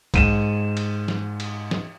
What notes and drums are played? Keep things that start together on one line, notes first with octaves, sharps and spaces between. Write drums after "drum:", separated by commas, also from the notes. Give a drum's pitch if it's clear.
G#2 D#7 E7, drum: kick A#1, cymbal
drum: cymbal
drum: snare
drum: cymbal
drum: snare